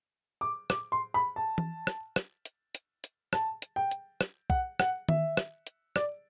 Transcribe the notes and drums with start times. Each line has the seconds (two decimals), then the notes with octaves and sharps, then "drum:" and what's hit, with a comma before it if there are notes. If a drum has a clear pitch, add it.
0.41 D6
0.70 D6, drum: rim click
0.92 C6
1.14 B5
1.36 A5
1.58 drum: tom E3
1.87 drum: rim click
2.16 drum: rim click
2.45 drum: hi-hat
2.75 drum: hi-hat
3.04 drum: hi-hat
3.33 A5, drum: rim click
3.62 drum: hi-hat
3.76 G5
3.91 drum: hi-hat
4.21 drum: rim click
4.50 F#5, drum: kick
4.80 F#5, drum: rim click
5.09 E5, drum: tom D#3
5.37 drum: rim click
5.67 drum: hi-hat
5.96 D5, drum: rim click